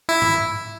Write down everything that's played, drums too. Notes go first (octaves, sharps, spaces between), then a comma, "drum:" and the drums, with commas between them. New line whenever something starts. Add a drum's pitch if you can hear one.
E4
drum: tom G2